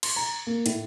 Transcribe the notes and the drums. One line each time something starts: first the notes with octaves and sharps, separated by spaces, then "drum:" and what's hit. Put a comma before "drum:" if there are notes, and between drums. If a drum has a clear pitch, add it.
C6, drum: cymbal
A#5
A#3
A2, drum: hi-hat